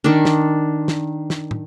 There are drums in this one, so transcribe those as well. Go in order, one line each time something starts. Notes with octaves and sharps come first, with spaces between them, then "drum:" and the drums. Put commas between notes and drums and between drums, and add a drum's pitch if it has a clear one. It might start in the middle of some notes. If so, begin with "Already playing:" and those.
D#3 D4
drum: snare
drum: snare
drum: snare
drum: tom